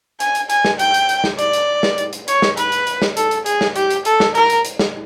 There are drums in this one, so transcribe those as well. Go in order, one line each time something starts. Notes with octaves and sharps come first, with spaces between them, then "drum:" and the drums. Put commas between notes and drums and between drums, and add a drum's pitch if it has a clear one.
G#5, drum: hi-hat
drum: hi-hat
G#5, drum: hi-hat
drum: snare
G5, drum: hi-hat
drum: hi-hat
drum: hi-hat
drum: snare
D5, drum: hi-hat
drum: hi-hat
drum: snare
drum: hi-hat
drum: hi-hat
C#5, drum: hi-hat
drum: snare
B4, drum: hi-hat
drum: hi-hat
drum: hi-hat
drum: snare
A4, drum: hi-hat
drum: hi-hat
G#4, drum: hi-hat
drum: snare
G4, drum: hi-hat
drum: hi-hat
A4, drum: hi-hat
drum: snare
A#4, drum: hi-hat
drum: hi-hat
drum: hi-hat
drum: snare